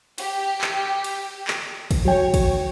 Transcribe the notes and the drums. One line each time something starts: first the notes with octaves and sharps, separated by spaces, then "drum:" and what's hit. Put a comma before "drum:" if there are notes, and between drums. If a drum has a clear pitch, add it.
G4, drum: cymbal
drum: clap
drum: cymbal
drum: clap
drum: kick, cymbal
F#3 C#5 G5
drum: kick, cymbal